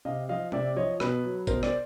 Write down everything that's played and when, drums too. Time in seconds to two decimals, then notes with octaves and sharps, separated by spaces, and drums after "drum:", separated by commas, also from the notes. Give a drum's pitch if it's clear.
0.05 C3 D#5 F5
0.29 F3 D#5 F5
0.52 C3 D5 E5, drum: tom
0.76 F3 C#5 D#5
1.00 B2 B4, drum: rim click
1.24 F#3
1.47 B2 A#4 C5, drum: kick G#1, tambourine
1.63 C5 D5, drum: rim click